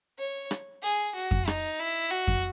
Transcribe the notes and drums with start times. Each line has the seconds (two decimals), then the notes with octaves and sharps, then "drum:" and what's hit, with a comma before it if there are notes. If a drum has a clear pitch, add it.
0.18 C#5
0.51 drum: rim click
0.83 G#4
1.15 F#4
1.31 drum: kick F2
1.47 D#4, drum: rim click
1.80 E4
2.11 F#4
2.27 drum: kick F2